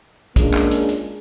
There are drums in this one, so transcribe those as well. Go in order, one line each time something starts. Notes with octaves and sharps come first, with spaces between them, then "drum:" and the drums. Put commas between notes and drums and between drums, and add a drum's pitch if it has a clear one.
G#3 A#3 C#4 D4 F4 G#4, drum: kick, hi-hat
drum: clap
drum: hi-hat
drum: hi-hat